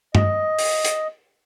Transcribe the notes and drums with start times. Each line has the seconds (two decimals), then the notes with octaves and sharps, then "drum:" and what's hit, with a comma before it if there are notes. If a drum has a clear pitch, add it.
0.15 D#5, drum: tom G2
0.59 drum: open hi-hat
0.85 drum: hi-hat